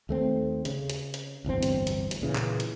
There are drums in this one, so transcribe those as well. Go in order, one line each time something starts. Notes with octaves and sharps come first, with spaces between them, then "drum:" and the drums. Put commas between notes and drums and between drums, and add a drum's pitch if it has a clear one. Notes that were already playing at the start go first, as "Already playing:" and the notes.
D#2 A3 C4
C#3, drum: hi-hat
drum: hi-hat
drum: hi-hat
D1 G1 E2 C4
drum: hi-hat
drum: hi-hat
drum: hi-hat
A#2 C#3 E3
drum: clap
drum: hi-hat